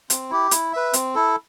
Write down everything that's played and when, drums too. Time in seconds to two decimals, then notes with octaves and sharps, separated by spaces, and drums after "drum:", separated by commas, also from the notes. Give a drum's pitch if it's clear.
0.10 C4, drum: hi-hat
0.31 E4 G4
0.51 E4, drum: hi-hat
0.73 B4 E5
0.93 C4, drum: hi-hat
1.15 E4 A4